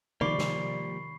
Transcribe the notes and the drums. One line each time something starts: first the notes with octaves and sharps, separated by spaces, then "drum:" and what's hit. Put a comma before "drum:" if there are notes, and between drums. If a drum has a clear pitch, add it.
D#3 F3 G3 A#3 D5 B5 C#6 C7, drum: tom C3
drum: snare